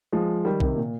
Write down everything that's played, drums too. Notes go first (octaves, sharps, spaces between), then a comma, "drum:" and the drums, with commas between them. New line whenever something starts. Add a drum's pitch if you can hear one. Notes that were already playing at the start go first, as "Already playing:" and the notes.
F3 G#3
D#3 G3
C3 D#3, drum: kick B1
A#2